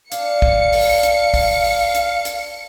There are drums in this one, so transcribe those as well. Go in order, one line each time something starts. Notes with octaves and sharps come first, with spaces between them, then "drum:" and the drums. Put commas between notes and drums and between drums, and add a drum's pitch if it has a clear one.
D4 F5 C#7, drum: hi-hat
drum: kick
drum: open hi-hat
drum: hi-hat
drum: kick, open hi-hat
drum: open hi-hat
drum: hi-hat
drum: hi-hat